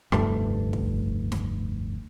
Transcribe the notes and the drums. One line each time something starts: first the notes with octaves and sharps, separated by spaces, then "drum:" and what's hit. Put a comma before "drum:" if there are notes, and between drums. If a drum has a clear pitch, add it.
F1 D2 G2 A3, drum: rim click
drum: kick
drum: snare